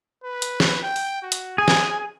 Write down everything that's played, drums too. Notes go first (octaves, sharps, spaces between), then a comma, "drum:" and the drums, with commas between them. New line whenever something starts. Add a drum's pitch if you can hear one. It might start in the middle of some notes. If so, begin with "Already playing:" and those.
B4
drum: hi-hat
drum: snare
G5
drum: open hi-hat
F#4
drum: hi-hat
G#4 G#5
drum: snare